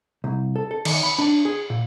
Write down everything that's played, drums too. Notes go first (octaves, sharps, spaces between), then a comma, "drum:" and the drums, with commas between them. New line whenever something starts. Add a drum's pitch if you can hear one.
C2
A4
A4
D#3, drum: cymbal
B5
D4
G#4
A#2